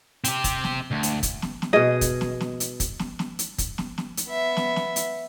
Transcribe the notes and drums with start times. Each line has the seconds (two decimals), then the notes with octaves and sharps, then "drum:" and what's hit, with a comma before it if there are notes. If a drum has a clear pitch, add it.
0.24 C4 G4, drum: hi-hat
0.44 drum: kick, hi-hat
0.64 drum: snare
0.91 D2
1.03 drum: hi-hat
1.23 drum: kick, hi-hat
1.42 drum: snare
1.62 drum: snare
1.73 B2 G#4 D#5
2.01 drum: kick, hi-hat
2.21 drum: snare
2.41 drum: snare
2.60 drum: hi-hat
2.80 drum: kick, hi-hat
2.99 drum: snare
3.19 drum: snare
3.39 drum: hi-hat
3.58 drum: kick, hi-hat
3.78 drum: snare
3.98 drum: snare
4.17 drum: hi-hat
4.29 B3 E5
4.57 drum: snare
4.76 drum: snare
4.96 drum: hi-hat